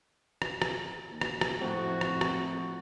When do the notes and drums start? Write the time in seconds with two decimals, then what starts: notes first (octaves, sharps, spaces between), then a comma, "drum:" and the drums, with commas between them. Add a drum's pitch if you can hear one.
0.42 drum: rim click
0.62 drum: rim click
1.11 D#2
1.21 drum: rim click
1.41 drum: rim click
1.61 F2 A2 F3 A3 C4 F#4
2.01 drum: rim click
2.21 drum: rim click